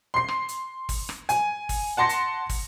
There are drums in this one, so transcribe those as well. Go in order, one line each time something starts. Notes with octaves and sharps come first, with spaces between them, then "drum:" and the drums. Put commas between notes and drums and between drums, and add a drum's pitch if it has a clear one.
C6 C7
drum: rim click
drum: hi-hat
drum: kick, open hi-hat
drum: rim click
G#5, drum: hi-hat
drum: kick, open hi-hat
F#5 A5 C6 A#6 C#7
drum: hi-hat
drum: kick, open hi-hat